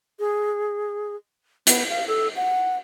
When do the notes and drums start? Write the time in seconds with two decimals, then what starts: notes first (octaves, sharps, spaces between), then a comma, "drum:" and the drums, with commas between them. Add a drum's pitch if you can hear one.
0.19 G#4
1.67 B3, drum: hi-hat
1.89 F5
2.08 A4
2.36 F#5